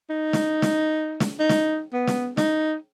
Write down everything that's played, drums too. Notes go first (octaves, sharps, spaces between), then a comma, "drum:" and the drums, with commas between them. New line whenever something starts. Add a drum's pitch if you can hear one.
D#4
drum: snare
drum: snare
drum: snare
D#4
drum: snare
B3
drum: snare
D#4, drum: snare